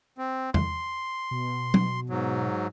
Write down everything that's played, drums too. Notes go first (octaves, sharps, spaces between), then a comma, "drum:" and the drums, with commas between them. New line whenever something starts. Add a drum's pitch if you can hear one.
C4
C6, drum: tom E2
B2
drum: tom F#3
G#2 F#3